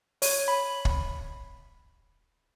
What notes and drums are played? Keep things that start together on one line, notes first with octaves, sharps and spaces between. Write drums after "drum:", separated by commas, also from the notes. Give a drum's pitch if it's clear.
C#5, drum: open hi-hat
B5
drum: kick